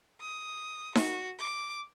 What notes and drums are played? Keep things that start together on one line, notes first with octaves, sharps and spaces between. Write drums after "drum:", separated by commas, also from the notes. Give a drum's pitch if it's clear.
D#6
F#4, drum: snare D#4
D6